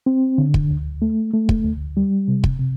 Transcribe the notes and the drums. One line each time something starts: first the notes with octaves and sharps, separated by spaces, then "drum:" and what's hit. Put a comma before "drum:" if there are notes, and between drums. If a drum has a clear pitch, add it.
C4
D3
drum: kick
D2
A3
A3
drum: kick
D2
G3
C3
drum: kick
C3